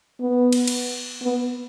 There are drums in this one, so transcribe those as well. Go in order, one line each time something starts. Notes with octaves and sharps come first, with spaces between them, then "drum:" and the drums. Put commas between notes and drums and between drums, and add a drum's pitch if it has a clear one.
B3
drum: cymbal
drum: cymbal
B3